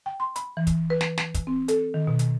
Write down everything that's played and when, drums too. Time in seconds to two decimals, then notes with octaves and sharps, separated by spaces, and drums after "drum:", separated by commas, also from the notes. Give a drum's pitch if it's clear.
0.06 G5
0.20 C6
0.36 B5, drum: hi-hat
0.57 E3
0.67 drum: kick, hi-hat
0.90 B4
1.01 drum: snare
1.18 drum: snare
1.34 drum: kick, hi-hat
1.47 C4
1.68 A4, drum: hi-hat
1.94 D#3
2.07 B2
2.19 drum: hi-hat